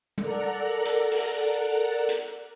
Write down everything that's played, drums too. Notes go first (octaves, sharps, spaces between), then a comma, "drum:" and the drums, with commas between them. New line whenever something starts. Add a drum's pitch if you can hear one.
A4 A#4 D5 F#5 A#5 F#6, drum: tom G3
drum: hi-hat
drum: open hi-hat
drum: hi-hat